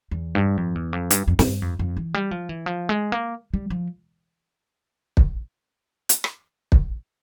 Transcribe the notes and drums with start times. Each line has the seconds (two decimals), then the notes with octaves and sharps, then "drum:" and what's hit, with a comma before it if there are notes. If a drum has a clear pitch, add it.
0.11 E2
0.35 G2
0.57 F2
0.75 E2
0.93 F2
1.10 G2, drum: hi-hat
1.28 F2
1.39 G#2, drum: snare
1.45 G2
1.62 F2
1.79 F2
1.97 E3
2.14 G3
2.31 F3
2.49 E3
2.66 F3
2.89 G#3
3.12 A#3
3.54 G3
3.70 F3
5.17 drum: kick
6.09 drum: hi-hat
6.24 drum: rim click
6.72 drum: kick